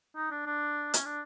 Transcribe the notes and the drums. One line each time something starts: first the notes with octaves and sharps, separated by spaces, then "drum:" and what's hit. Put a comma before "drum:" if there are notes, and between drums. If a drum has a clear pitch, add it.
D#4
D4
D4
C#4, drum: hi-hat
D4